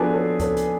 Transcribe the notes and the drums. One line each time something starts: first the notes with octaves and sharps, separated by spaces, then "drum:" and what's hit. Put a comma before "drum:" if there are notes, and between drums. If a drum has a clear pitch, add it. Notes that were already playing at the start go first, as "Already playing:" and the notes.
Already playing: F3 B3 D4 F#4 G#4 A4
A4 C#5
A4 C#5, drum: kick C#2, hi-hat
drum: hi-hat